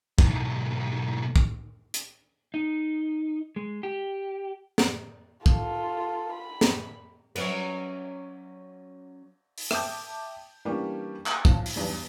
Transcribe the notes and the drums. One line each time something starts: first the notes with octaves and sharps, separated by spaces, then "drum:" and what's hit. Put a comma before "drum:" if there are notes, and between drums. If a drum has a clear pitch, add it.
B1 G#2, drum: kick
drum: kick
drum: hi-hat
D#4
G#3
G4
drum: snare
F4 A4, drum: kick
B5
drum: snare
F#3 C#4 B4, drum: cymbal
drum: open hi-hat
E5 G5 A5 D6 D#6 G6, drum: rim click
E3 G3 A#3 C#4 D4 G4
drum: clap
B1 F3, drum: kick
drum: open hi-hat
B1 E2 G2